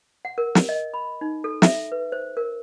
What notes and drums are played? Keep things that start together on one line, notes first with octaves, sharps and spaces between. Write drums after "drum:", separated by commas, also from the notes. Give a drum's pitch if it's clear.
F#5
A#4
drum: snare
D#5
B5
D#4
A4
E5, drum: snare
B4
C5
A#4